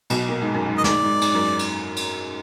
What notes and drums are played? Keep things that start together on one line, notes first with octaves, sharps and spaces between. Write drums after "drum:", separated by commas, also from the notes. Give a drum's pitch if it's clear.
B1 B2, drum: cymbal
A#2
G#2
F#2
G#2
D#5
G#2 D5, drum: snare
G#2
G#2, drum: cymbal
F#2
drum: cymbal
drum: cymbal